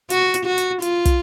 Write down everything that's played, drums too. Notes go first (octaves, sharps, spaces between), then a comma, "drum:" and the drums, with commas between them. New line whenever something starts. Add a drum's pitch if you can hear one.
F#4, drum: hi-hat
drum: hi-hat
F#4
drum: hi-hat
F4, drum: hi-hat
drum: kick, hi-hat